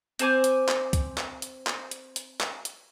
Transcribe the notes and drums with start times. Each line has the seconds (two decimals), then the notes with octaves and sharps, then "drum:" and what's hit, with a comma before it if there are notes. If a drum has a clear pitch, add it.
0.19 C4 C5 G#5 D6, drum: hi-hat
0.44 drum: hi-hat
0.69 drum: clap
0.93 drum: kick, hi-hat
1.18 drum: clap
1.42 drum: hi-hat
1.67 drum: clap
1.91 drum: hi-hat
2.16 drum: hi-hat
2.41 drum: clap
2.65 drum: hi-hat